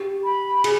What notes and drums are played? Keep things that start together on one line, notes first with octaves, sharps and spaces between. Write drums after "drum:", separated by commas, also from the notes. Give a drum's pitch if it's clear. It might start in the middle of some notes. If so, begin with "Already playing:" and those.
Already playing: G4
B5
G#4, drum: cymbal